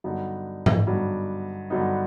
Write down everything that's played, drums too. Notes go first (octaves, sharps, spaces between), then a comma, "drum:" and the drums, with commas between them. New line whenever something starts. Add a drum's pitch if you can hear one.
G2 D3 F#3 B3 D#4
drum: tom G#2
G2 D3 F#3 B3 D#4
G2 D3 F#3 B3 D#4